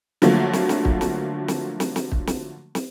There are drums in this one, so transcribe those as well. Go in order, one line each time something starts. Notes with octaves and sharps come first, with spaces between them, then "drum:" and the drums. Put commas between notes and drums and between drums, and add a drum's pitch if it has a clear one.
D3 F3 F#3 A3 A#3, drum: snare
drum: snare
drum: snare
drum: kick
drum: snare
drum: snare
drum: snare
drum: snare
drum: kick
drum: snare
drum: snare